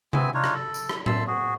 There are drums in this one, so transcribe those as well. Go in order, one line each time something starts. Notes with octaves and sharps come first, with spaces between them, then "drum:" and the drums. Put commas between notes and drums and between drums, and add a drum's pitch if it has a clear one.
B3 C4 E5 G#5, drum: tom C3
D4 D#4 F4 C#5
drum: rim click
A4
drum: tambourine
drum: rim click
E5 A5 C6 E6, drum: tom A2
F#4 G#4